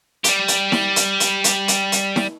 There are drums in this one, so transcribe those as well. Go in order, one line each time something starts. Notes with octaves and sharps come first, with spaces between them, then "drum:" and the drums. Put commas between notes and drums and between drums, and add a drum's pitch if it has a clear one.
G3 G4, drum: hi-hat
drum: hi-hat
drum: snare
drum: hi-hat
drum: hi-hat
drum: hi-hat
drum: hi-hat
drum: hi-hat
drum: snare